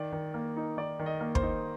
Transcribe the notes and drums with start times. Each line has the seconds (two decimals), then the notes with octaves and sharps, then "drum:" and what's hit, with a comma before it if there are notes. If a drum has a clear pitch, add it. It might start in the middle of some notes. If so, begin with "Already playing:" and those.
Already playing: D#3 D5
0.12 D#3
0.34 A#3
0.56 D#4
0.77 D#3 D5
0.99 D#3
1.06 D#5
1.20 A#3
1.35 C5, drum: kick
1.42 D#4